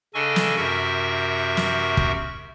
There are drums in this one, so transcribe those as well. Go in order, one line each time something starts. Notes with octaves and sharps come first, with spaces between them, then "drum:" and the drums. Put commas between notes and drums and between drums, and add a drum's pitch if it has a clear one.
C#3 D4 A4 D#5 G#5 C#6
drum: snare
F#2 C3 F#4 A#4 E5 C#6
drum: snare
drum: kick